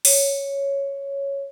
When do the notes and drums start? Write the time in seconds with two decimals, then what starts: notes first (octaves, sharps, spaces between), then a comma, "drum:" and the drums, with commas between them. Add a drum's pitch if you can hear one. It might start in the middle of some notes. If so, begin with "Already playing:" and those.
0.05 C#5, drum: open hi-hat